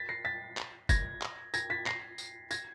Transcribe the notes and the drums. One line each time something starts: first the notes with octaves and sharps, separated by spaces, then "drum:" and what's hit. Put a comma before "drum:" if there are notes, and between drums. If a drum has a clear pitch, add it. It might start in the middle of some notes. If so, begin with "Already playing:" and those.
Already playing: A6 B6
A#6 C7
A6 B6
drum: clap
G#6 A#6, drum: kick, tambourine
drum: clap
G#6 A#6, drum: tambourine
A6 B6
A#6 C7, drum: clap
drum: tambourine
G#6 A#6, drum: tambourine